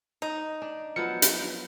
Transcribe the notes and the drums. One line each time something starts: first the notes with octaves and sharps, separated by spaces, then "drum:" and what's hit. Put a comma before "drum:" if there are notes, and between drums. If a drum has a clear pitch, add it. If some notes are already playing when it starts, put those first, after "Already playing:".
D#4 D#5
D4
F3 F#3 B3 C#7
drum: hi-hat